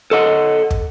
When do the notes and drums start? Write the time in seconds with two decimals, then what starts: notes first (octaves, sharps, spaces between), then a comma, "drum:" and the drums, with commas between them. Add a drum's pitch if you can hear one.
0.11 A4 D#5 F#5
0.71 drum: kick